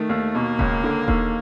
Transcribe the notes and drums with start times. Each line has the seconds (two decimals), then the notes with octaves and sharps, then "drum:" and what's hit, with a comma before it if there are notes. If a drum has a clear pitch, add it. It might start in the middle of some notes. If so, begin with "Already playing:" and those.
Already playing: D#3 A3
0.09 D#2
0.35 B2 A#3
0.59 C#2, drum: kick D#1
0.84 D3
1.08 D#2, drum: kick D#1